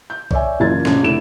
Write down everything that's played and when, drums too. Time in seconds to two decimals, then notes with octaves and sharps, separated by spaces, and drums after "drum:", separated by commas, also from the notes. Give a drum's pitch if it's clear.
0.10 G6
0.31 C#5 D5 E5 G#5, drum: kick A#1
0.60 F#1 E3 A#3 F4 G#6 A6
0.85 A#1 F#2 C#3, drum: snare
1.03 F1 D3 E4 E7